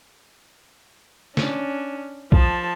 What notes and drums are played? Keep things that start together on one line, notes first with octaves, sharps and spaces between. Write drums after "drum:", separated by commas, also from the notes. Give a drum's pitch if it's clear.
C#4 D4, drum: snare
F3 A5, drum: kick B1